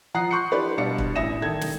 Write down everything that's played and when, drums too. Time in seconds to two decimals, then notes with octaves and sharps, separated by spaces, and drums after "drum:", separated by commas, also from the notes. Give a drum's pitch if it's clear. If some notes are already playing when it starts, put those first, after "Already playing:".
0.14 F3 F#5 A#5 D#6 F#6 C7
0.31 C6 C#6 F#6 G6 C#7
0.51 D4 E4 G4 B4 D5
0.78 B2 G3 D4 F5 C#7
0.98 drum: kick
1.15 A1 E3 E5 D#6 A#6 E7
1.42 D#3 A4 G#6
1.61 drum: snare